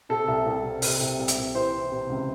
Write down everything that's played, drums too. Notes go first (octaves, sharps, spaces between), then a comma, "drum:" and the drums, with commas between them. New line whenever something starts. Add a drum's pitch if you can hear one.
C3 A4
C2
C2
C3
C3, drum: open hi-hat
C2
C2
drum: hi-hat
C2
E3 C5
E3
C3
C#2